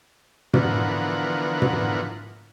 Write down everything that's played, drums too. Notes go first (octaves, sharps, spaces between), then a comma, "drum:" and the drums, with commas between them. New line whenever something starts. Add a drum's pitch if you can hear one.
D3 E3 F3 B3 A#4 F#5, drum: tom
drum: tom